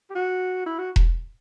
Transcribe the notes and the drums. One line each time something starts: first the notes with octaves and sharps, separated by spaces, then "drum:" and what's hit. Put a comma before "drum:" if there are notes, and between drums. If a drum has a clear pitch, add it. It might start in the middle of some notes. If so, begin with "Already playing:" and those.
G4
F#4
E4
F#4
drum: kick E1